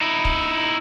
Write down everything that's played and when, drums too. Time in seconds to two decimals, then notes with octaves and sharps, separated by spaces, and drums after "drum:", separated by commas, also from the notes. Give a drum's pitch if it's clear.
0.01 D#4 E4
0.25 drum: kick